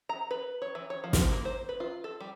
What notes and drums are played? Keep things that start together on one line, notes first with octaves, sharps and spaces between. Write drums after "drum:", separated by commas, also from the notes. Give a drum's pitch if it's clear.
A#5
B4
C#5
E3
C#5
F3
drum: snare
A#3
C5
B4
F4
A4
G3